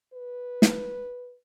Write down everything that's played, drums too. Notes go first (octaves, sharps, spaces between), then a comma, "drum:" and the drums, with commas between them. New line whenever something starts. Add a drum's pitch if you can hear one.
B4
drum: snare